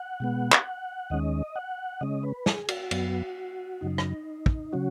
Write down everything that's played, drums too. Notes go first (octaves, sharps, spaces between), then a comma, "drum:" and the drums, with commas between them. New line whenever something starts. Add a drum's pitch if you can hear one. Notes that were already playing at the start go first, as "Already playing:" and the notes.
Already playing: F#5
B2 G#3 B3
drum: clap
D#2 D#3 G#3 C#4 D#5
F#5
C#3 G#3 C#4 D#5
B4
G#4, drum: snare
F#4, drum: cymbal
F#2 F#3 B3, drum: cymbal
F#2 C#3 F#3 D#4
drum: rim click
drum: kick
C#3 F#3 C#4 F#4